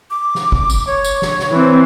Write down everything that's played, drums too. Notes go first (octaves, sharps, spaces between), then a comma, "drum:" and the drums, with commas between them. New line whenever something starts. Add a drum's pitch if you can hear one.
D6
drum: snare
drum: kick
drum: tambourine
C#5
drum: tambourine
drum: snare
drum: snare
E3 C4